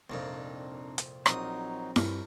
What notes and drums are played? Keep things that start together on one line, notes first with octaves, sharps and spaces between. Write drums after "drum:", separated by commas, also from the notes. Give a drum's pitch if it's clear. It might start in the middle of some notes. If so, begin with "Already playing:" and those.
C2 F2 A#2 C4 D4 D#4
drum: hi-hat
A#1 F3 F#3 C4 D#4 D#6, drum: rim click
G2 A#4 C#5 B5, drum: snare E4